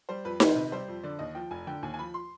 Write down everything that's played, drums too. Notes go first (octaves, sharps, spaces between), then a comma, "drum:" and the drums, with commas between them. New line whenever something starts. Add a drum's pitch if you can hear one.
G3 C5
F2 B4
D#3 B4, drum: snare D#4
C5
C3 B4
G3 C5
F2
D3 D5
D#2 D#5
F3 G5
F1 G#5
D3 G5
D#2 G#5
G#5
F3 B5
C6